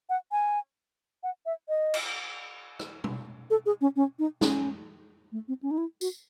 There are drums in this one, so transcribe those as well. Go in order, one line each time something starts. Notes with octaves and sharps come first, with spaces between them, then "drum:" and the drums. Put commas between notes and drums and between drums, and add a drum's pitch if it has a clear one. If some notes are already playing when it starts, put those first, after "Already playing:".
F#5
G#5
F#5
E5
D#5
drum: cymbal
drum: rim click
drum: tom
A4
G#4
C#4
C#4
D#4
C#4, drum: snare
A3
C4
C#4
D#4
E4
F#4, drum: tambourine